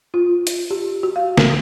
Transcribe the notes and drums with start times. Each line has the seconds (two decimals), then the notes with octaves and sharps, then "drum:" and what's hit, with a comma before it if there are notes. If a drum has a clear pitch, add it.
0.14 F4
0.47 drum: hi-hat
0.70 G4
1.03 F#4
1.16 F5
1.38 A#4, drum: snare